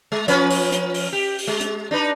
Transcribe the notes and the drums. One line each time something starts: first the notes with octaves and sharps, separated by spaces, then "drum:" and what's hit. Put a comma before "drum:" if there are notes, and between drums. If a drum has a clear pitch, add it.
G#3
F3 C#4 B4, drum: hi-hat
drum: open hi-hat
drum: hi-hat
drum: open hi-hat
G4
drum: open hi-hat
G#3
drum: hi-hat
D4 D#4 B4